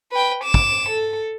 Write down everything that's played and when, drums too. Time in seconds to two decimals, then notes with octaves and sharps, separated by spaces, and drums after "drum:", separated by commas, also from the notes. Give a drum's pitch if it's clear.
0.12 B4 G5
0.44 D6 E7
0.54 drum: kick
0.90 A4